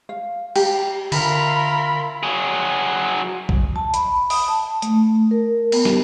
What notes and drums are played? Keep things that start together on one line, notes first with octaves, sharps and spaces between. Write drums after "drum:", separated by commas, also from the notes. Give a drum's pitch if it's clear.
F5
G4, drum: cymbal
D3 F4 A#4 E5 B5, drum: cymbal
F#3 G#4
drum: kick
A5
B5, drum: hi-hat
D#6, drum: open hi-hat
A5
A3, drum: hi-hat
A#4
B3, drum: cymbal
G4, drum: snare